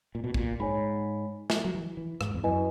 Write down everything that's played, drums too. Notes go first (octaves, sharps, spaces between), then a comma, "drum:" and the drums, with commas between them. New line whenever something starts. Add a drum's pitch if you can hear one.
A#2
B2
A#2, drum: kick
G#2 C#5 G#5 B5
drum: snare
F#3
E3
E3
G#2, drum: rim click
E2
F#2 E4 B4 D#5 G#5